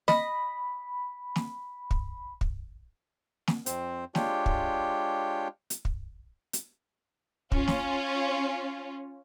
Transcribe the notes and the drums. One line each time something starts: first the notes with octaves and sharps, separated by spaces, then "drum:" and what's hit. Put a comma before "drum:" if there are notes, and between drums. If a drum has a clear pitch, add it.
D#5 B5, drum: snare
drum: snare
drum: kick
drum: kick
drum: snare
F2 C4 C5, drum: hi-hat
G#3 D4 F4 G4 C#5 G5, drum: snare
drum: kick
drum: hi-hat
drum: kick
drum: hi-hat
C#4 F4, drum: kick
drum: snare